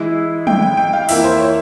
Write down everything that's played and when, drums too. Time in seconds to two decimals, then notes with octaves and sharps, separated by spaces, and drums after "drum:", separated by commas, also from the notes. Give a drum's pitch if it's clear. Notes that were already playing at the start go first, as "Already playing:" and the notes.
Already playing: E3 G#3 E4
0.47 G5, drum: tom
0.62 G5
0.77 G5
0.93 F5
1.09 F2 E3 A#3 E4 E5, drum: open hi-hat
1.24 C5
1.40 C#5